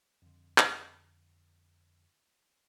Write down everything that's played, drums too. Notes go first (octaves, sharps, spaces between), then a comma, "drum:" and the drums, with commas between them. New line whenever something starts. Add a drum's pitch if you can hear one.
F2 D3
drum: clap